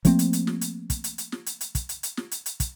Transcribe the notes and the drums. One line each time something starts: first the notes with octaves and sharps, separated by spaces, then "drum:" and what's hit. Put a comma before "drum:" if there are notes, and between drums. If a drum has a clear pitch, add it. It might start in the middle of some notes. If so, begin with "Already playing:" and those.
F3 A3 A#3 C4, drum: kick, hi-hat
drum: hi-hat
drum: hi-hat
drum: snare
drum: hi-hat
drum: kick, hi-hat
drum: hi-hat
drum: hi-hat
drum: snare
drum: hi-hat
drum: hi-hat
drum: kick, hi-hat
drum: hi-hat
drum: hi-hat
drum: snare
drum: hi-hat
drum: hi-hat
drum: kick, hi-hat